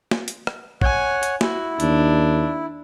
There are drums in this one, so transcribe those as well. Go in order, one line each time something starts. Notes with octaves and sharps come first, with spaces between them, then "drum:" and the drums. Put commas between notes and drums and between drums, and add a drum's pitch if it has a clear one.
drum: snare
drum: hi-hat
drum: rim click
C#5 F#5 G#5, drum: kick
drum: hi-hat
E4 F#4, drum: snare
D#2 D4, drum: hi-hat